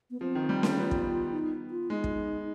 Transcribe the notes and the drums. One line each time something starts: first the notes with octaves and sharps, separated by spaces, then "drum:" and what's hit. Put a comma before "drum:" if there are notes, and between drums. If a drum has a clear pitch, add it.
B3
F3 C4
D#3
F3
G3
G3, drum: snare C#4
B3 F4
drum: kick
D#4
F4
G#3 D#4
drum: kick